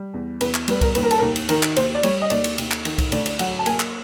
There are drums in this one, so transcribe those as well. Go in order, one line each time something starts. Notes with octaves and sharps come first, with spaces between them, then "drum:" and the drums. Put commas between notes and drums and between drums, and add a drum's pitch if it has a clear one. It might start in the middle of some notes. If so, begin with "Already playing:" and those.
Already playing: G3
E2
E2 B4, drum: cymbal
drum: clap
G3 B4, drum: cymbal
A#4, drum: kick C2, cymbal
D#2 B4, drum: cymbal
A#4
A4, drum: cymbal
D#2 A#4
drum: cymbal
D#3 A#4, drum: cymbal
drum: clap
D#2 C5, drum: cymbal
D5
G3 C#5, drum: cymbal
D#5
D#2 D5, drum: cymbal
drum: cymbal
D#2, drum: cymbal
drum: clap
D#3, drum: cymbal
drum: kick C2, cymbal
D2 D5, drum: cymbal
D5, drum: cymbal
F#3 F#5, drum: cymbal
A5
A#3 G#5, drum: cymbal
drum: clap